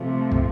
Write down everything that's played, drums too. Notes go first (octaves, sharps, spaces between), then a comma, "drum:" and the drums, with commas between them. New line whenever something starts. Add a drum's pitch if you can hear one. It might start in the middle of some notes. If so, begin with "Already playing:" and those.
Already playing: C3 F3 A3
drum: kick